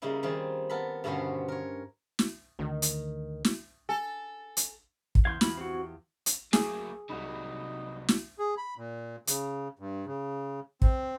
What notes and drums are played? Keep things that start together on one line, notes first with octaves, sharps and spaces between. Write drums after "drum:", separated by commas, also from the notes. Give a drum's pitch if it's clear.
C#3 G3 A#3 D#4 E4
D#3 G3 C4 F4 G#4
B3 A4 A#4 B5
G2 B2 D3 B3 C#4 C5
A#4 C#5
drum: snare
D2 D#3
drum: hi-hat
drum: snare
A4 G#5
drum: hi-hat
drum: kick
E2 F5 C6 G6 G#6
E2 F4 B5 A#6, drum: snare
C4 F#4 G4
drum: hi-hat
F#3 A3 A#3 G#4 D6, drum: snare
C2 C3 F#3 D#4 B5
drum: snare
G#4
B5
A#2
C#3, drum: hi-hat
G2
C#3
C4, drum: kick